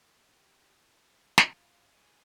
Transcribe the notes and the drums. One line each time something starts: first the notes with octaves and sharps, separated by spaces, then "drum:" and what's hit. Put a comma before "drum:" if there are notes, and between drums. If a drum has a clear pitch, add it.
G4
E4
F4, drum: snare
G#4